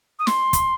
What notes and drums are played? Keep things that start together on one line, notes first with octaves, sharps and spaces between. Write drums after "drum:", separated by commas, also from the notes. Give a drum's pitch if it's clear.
D#6
C6, drum: snare
drum: kick, hi-hat